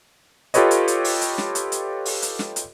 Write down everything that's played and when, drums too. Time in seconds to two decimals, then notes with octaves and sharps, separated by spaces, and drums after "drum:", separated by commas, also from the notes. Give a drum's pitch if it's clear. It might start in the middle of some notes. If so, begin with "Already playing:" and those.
0.54 F4 G4 A4 B4 C#5 D#5, drum: hi-hat
0.71 drum: hi-hat
0.88 drum: hi-hat
1.04 drum: open hi-hat
1.21 drum: hi-hat
1.38 drum: snare
1.55 drum: hi-hat
1.72 drum: hi-hat
2.05 drum: open hi-hat
2.22 drum: hi-hat
2.39 drum: snare
2.56 drum: hi-hat